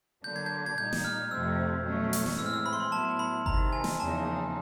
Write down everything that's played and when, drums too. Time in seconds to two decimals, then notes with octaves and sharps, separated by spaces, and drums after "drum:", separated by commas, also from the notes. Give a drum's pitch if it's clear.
0.24 D3 F#3 A#3 D4 G6
0.36 G#6
0.46 G6
0.66 G#6
0.78 A#2 G3 A#3 D#4 G6
0.93 drum: snare
1.04 F6
1.31 F2 C3 F3 A3 C4 E6
1.85 B2 F#3 A3 C#4
2.13 drum: hi-hat
2.26 drum: snare
2.39 A2 E3 G#3 C4 E6
2.46 F6
2.53 E6
2.66 B5
2.73 C6
2.80 B5
2.92 A2 F#3 B3 E4 A5
3.19 B5
3.46 C3 D#3 G#3 A#5, drum: kick G1
3.73 G#5
3.84 drum: snare
4.00 E2 C#3 F3 A#3 D#4 A5